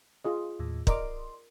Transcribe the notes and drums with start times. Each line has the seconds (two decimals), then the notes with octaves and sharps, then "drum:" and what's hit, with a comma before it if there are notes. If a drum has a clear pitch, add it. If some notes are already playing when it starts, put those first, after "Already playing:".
0.25 F4 G#4 D#5
0.60 D#2 A2
0.87 A#4 D5 D#5 A#5 C6 D6, drum: kick